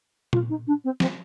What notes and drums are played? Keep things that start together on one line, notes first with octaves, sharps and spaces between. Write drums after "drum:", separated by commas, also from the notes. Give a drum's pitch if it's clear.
F4, drum: tom A#2
D#4
D4
C4
C4, drum: snare